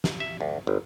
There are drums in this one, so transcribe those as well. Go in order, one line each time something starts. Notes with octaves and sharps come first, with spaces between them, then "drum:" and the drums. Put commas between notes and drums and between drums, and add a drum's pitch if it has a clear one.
drum: snare
E5
D2
G1